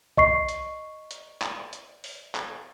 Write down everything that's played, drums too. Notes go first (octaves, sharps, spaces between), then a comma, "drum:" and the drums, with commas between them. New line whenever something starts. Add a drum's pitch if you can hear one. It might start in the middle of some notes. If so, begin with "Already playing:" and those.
D#5 C#6 C7, drum: kick
drum: hi-hat
drum: hi-hat
drum: clap
drum: hi-hat
drum: open hi-hat
drum: clap